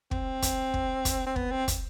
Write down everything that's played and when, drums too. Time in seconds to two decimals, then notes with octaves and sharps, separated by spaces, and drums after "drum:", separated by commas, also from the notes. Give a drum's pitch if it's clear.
0.11 C4, drum: kick
0.42 drum: kick, hi-hat
0.74 drum: kick
1.05 drum: kick, hi-hat
1.26 C4
1.36 B3, drum: kick
1.51 C4
1.68 drum: kick, hi-hat